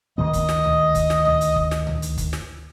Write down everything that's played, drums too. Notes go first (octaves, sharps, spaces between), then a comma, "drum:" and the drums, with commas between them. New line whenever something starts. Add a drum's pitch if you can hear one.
D2 D#3 A#3 D#5
drum: kick, hi-hat
drum: snare
drum: tom C#2
drum: kick, hi-hat
drum: snare
drum: tom C#2
drum: hi-hat
drum: kick
drum: snare
drum: tom C#2
drum: hi-hat
drum: kick, hi-hat
drum: snare